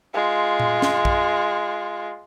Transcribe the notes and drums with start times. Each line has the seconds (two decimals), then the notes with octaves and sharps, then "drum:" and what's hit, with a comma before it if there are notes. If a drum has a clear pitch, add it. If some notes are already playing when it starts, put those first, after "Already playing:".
0.14 G#3 F4
0.60 drum: tom A#2
0.82 drum: snare
1.05 drum: kick